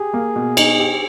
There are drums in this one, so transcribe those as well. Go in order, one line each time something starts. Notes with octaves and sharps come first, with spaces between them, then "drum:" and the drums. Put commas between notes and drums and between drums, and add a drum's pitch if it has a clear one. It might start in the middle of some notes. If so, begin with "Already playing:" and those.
Already playing: G4 G#4
A#3
B2
D#4, drum: cymbal
G4